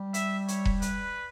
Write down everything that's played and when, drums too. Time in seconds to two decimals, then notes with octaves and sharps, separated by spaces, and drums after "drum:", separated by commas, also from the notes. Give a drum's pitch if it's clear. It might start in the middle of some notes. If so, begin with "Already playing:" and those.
Already playing: G3
0.14 E5, drum: hi-hat
0.48 C#5, drum: hi-hat
0.65 drum: kick E1
0.82 B4, drum: hi-hat